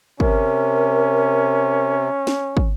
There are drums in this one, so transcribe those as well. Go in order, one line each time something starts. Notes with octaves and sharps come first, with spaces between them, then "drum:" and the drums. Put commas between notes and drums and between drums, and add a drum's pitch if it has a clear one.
C3 C#4 A#4, drum: kick
drum: snare
drum: kick